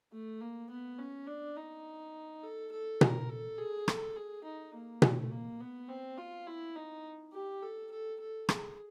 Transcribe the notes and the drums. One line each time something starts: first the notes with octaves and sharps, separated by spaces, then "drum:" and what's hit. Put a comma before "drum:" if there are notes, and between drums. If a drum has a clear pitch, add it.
A3
A#3
B3
C#4
D4
D#4
A4
A4
A#4, drum: tom B2
A4
G#4
A4, drum: rim click
G#4
D#4
A#3
A3, drum: tom B2
A#3
B3
C4
F4
E4
D#4
G4
A4
A4
A4
G#4, drum: rim click